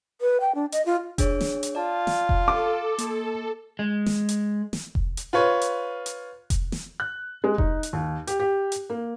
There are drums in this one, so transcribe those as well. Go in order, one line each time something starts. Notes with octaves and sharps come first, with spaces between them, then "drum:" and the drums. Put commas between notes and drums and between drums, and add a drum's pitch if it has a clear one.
B4
G5
D4
D#5, drum: hi-hat
F4
D4 G#4 C#5, drum: kick F1, hi-hat
drum: snare
drum: hi-hat
F4 D5 A5
drum: snare
drum: kick F1
A4 D6
A#3, drum: hi-hat
G#3
drum: snare
drum: hi-hat
drum: snare
drum: kick F1
drum: hi-hat
F4 B4 C#5
drum: hi-hat
drum: hi-hat
drum: kick F1, hi-hat
drum: snare
F#6
G#3
D#4, drum: kick F1
drum: hi-hat
D#2
G4, drum: hi-hat
G4
drum: hi-hat
A#3